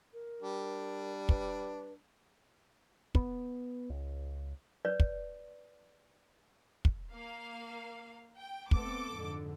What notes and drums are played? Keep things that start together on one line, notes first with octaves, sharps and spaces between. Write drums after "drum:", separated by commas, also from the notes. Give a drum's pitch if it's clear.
A#4
G3 D4
B4, drum: kick
B3, drum: kick
C#2
B4 C#5 D5
drum: kick
drum: kick
A#3 F5
G5
A3 B3 C4 A4 D6, drum: kick
F2 G#2 D3